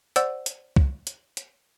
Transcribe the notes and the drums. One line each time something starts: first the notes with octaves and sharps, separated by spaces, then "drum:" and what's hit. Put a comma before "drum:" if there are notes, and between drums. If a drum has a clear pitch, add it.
C5 D5 F#5 E6, drum: hi-hat
drum: hi-hat
drum: kick C2
drum: hi-hat
drum: hi-hat